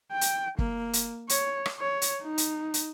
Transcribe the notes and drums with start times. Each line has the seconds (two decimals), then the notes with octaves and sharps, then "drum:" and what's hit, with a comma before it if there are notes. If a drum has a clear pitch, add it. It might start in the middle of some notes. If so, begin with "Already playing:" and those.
0.12 G5
0.21 drum: hi-hat
0.59 A#3, drum: kick
0.93 drum: hi-hat
1.29 C#5, drum: hi-hat
1.66 drum: rim click
1.80 C#5
2.02 drum: hi-hat
2.23 D#4
2.38 drum: hi-hat
2.74 drum: hi-hat